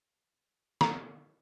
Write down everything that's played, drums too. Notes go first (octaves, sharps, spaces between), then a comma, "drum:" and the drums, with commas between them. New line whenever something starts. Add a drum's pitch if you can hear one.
A#5, drum: snare